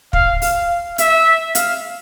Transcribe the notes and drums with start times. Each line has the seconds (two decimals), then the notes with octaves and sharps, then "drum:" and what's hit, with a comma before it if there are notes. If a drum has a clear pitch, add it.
0.13 F5, drum: kick
0.42 F5, drum: open hi-hat
0.98 E5, drum: hi-hat
1.55 F5, drum: hi-hat